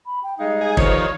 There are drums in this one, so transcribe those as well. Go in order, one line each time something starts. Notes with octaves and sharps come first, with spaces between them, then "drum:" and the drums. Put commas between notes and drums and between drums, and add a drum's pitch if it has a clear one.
B5
G5
G3 G#3 D#4 F5
G#4
G2 D3 D#3 F3 C5 C#5, drum: kick
C#6